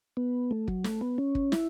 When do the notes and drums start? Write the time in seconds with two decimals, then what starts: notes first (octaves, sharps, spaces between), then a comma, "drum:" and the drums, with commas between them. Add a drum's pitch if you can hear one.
0.17 B3
0.51 A3
0.68 F#3, drum: kick
0.84 A3, drum: snare
1.01 B3
1.18 C#4
1.35 drum: kick
1.52 E4, drum: snare